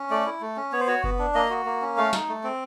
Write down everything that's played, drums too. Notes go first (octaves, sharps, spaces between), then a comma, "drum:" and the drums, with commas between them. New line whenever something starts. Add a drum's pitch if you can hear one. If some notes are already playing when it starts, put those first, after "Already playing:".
Already playing: C#4
A3 D5
E4
A3
C#4
B3 C#5
C5
F#4 C#5
B3, drum: kick F#1
D4
A#3 D#5
F#4
A#3
C#4
A3 F5
D#4, drum: snare
A3
C4